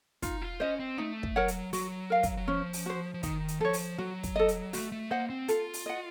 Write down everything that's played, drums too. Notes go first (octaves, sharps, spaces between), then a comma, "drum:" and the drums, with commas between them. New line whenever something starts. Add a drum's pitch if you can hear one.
D#4 F4, drum: kick, hi-hat
F4
C#4 C5 D#5
C4
A3 D#4
drum: kick
F#3 A#4 C#5 F#5
drum: hi-hat
F#3 F#4, drum: open hi-hat
A#4 F5
drum: kick, hi-hat
F#3
F3 C#4
drum: open hi-hat
F#4 C5
F3
D#3 D#4, drum: kick, hi-hat
drum: hi-hat
F3 A4 C#5
drum: open hi-hat
F#3 F#4
drum: kick, hi-hat
A4 D#5
drum: hi-hat
A3 F#4, drum: open hi-hat
A3
A#3 C5 D#5 F#5
C4
F4 A4, drum: hi-hat
drum: open hi-hat
D#5 F#5